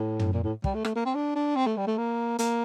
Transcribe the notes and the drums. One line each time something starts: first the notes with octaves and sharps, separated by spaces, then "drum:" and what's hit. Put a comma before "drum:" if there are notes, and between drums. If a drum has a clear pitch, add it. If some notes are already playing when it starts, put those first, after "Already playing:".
Already playing: A2
drum: tom
A#2
A2
G3, drum: kick
A3
A3, drum: rim click
A#3
C4
D4
D4
C4
A3
G3
A3
A#3
A#3, drum: hi-hat